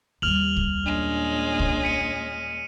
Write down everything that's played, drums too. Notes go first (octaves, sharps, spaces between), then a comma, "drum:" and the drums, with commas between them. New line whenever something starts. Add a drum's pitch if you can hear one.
D#2 G3 F6 F7 F#7
drum: kick C2
A#2 G#3 C#4 D4
drum: kick C2
B6 C#7 D#7